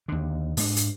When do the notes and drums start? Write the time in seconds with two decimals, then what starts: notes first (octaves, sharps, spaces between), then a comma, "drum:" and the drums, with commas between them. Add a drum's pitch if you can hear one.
0.08 D#2 D3
0.57 G#2 G#3 A#3 D4, drum: open hi-hat
0.77 drum: hi-hat